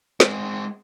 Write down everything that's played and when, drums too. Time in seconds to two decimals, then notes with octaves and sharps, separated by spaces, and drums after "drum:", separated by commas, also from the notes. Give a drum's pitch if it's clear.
0.20 G#3 C4, drum: snare